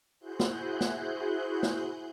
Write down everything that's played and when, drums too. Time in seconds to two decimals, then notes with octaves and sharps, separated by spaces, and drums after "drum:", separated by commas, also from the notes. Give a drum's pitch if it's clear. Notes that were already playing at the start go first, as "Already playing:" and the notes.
0.19 E4 F#4 G#4 C5 F#6 G6
0.40 drum: snare
0.81 drum: snare
1.63 drum: snare